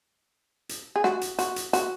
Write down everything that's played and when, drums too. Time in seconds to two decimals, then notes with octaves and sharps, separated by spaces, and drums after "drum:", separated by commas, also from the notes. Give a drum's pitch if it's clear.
0.69 drum: hi-hat
0.96 G#4
1.04 F#4, drum: snare
1.21 drum: hi-hat
1.39 F#4, drum: hi-hat
1.56 drum: hi-hat
1.73 F#4, drum: hi-hat